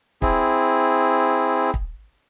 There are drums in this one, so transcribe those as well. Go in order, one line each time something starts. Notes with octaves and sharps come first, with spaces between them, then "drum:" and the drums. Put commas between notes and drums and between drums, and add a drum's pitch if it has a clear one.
C4 E4 G#4, drum: kick
drum: kick